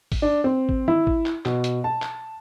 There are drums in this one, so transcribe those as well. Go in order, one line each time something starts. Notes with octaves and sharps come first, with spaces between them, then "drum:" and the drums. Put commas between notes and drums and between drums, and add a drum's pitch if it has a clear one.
drum: kick, open hi-hat
D4
C4
drum: kick
E4, drum: tom D#3
drum: kick
drum: clap
B2, drum: clap
drum: hi-hat
A5
drum: clap